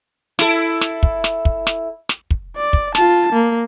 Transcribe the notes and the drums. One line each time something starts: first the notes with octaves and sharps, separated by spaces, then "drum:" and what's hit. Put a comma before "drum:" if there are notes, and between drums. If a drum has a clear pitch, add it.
E4 A4, drum: snare
drum: snare
drum: kick
drum: snare
drum: kick
drum: snare
drum: snare
drum: kick
D5
drum: kick
F4 A5, drum: snare
A#3